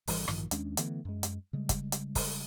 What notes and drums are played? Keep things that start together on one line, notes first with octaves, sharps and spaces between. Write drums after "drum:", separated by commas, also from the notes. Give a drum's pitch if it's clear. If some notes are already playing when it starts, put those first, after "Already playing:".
G#1 E3 G3, drum: open hi-hat
A1 G2 D#3 F3, drum: rim click
D#2 G#3 C#4 D4, drum: hi-hat
D3 E3 A3 B3, drum: hi-hat
F#2 G#3
drum: hi-hat
C#3 G3 G#3
drum: kick, hi-hat
drum: hi-hat
drum: kick, open hi-hat